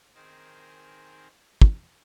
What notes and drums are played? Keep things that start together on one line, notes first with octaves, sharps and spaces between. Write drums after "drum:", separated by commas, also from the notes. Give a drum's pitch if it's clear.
D#3 C4 D#4 G#4 A#4 C5
drum: kick